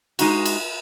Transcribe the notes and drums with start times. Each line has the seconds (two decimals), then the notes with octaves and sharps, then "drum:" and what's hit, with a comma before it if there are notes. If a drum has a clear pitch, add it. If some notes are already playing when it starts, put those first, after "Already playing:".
0.19 G#3 D#4 F#4, drum: cymbal
0.45 drum: cymbal